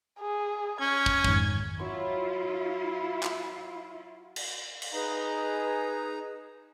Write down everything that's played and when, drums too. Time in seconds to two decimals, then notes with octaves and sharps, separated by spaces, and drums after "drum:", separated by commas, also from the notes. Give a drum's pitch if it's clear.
0.19 G#4
0.80 C#4 G#6
1.06 drum: kick
1.24 F2 G#2 D#3, drum: kick
1.80 F#3 E4 F4 C#5 C6
3.23 drum: clap
4.36 drum: cymbal
4.82 drum: cymbal
4.93 D#4 G#4 B4 A#5